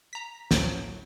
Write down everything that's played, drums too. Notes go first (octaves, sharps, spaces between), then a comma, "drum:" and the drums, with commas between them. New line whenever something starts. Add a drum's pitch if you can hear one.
A#5 B6
A1 D2 A2 F3 F#3, drum: snare